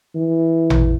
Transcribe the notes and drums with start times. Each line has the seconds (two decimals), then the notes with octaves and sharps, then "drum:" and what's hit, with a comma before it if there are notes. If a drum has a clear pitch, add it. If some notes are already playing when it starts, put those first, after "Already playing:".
0.16 E3
0.70 drum: tom A1